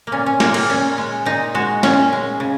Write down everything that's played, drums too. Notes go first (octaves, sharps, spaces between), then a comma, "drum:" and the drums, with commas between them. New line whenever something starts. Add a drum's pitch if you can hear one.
A#3
A#2 C#4
C#4
G#3 A#3, drum: snare
A#3, drum: cymbal
A#2 C#4
G#3
A#2 D#4
G#3 F#4
A#2 C#4, drum: snare
G#3
C#3